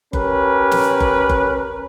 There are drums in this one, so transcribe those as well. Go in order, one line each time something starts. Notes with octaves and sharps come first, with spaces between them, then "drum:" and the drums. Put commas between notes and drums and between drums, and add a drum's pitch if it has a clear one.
C#4 G4 A#4 B4, drum: kick F#1
drum: snare
drum: kick F#1
drum: kick F#1